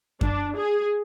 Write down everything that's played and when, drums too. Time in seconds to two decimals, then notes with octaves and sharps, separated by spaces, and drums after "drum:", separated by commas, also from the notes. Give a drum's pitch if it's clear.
0.21 D4, drum: kick F#2
0.57 G#4